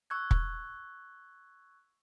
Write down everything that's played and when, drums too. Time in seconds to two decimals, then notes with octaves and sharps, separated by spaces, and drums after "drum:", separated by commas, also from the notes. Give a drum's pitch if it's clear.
0.10 C#6 E6 F#6 G#6
0.31 drum: kick